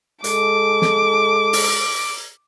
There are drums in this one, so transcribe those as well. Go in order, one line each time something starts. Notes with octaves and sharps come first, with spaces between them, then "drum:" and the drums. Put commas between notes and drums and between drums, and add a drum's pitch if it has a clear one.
G#3 A4 D6, drum: hi-hat
drum: snare
drum: open hi-hat